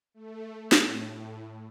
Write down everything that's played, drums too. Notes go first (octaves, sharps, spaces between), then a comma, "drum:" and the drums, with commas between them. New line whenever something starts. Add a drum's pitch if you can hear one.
A3
A2, drum: snare